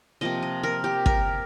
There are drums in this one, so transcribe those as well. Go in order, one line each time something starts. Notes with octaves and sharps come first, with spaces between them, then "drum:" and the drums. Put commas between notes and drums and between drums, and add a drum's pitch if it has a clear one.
C3 F3 A#3 D#5
D#5
A#4
G4
A#4, drum: kick